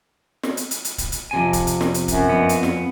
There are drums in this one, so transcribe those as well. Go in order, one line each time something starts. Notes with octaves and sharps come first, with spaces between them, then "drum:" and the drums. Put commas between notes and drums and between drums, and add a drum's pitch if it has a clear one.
drum: snare
drum: hi-hat
drum: hi-hat
drum: hi-hat
drum: kick D1, hi-hat
drum: hi-hat
F2 C3 G#5
drum: kick D1, hi-hat
drum: hi-hat
drum: snare
drum: hi-hat
F#2, drum: kick D1, hi-hat
F2 B3
drum: hi-hat
drum: snare